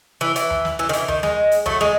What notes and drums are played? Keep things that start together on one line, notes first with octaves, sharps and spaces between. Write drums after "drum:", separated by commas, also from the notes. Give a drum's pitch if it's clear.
E3
E3, drum: hi-hat
drum: tom D#2
drum: snare
E3
D#3
E3, drum: hi-hat
D#3, drum: tom D#2
G#3, drum: snare
drum: hi-hat
F#3 A3, drum: tom D#2
G#3, drum: snare